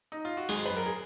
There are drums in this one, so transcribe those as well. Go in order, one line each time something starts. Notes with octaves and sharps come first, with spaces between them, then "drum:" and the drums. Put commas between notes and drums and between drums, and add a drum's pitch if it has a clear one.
D#4
F4
F#4
G#1 G#3 G#4, drum: cymbal
F#2 B4
A#4
G#4